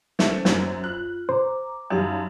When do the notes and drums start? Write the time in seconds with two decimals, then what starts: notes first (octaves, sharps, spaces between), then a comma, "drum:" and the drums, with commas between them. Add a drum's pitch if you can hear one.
0.19 A3 C#4 C5, drum: snare
0.45 F#2, drum: snare
0.84 F4 F#6
1.29 C5 A#5 D6
1.90 F#2 G3 D#4 F5 A5